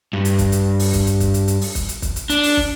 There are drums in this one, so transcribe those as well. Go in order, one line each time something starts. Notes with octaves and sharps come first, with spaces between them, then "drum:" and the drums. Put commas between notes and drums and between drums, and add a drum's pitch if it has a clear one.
G2
drum: hi-hat
drum: kick, hi-hat
drum: hi-hat
drum: open hi-hat
drum: kick, hi-hat
drum: hi-hat
drum: kick, hi-hat
drum: hi-hat
drum: hi-hat
drum: open hi-hat
drum: kick, hi-hat
drum: hi-hat
drum: kick, hi-hat
drum: hi-hat
D4, drum: hi-hat
drum: open hi-hat
drum: kick